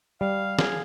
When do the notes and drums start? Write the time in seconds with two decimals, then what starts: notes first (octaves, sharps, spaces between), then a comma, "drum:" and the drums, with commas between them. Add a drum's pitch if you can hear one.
0.21 G3 F5
0.59 G#4 F5, drum: snare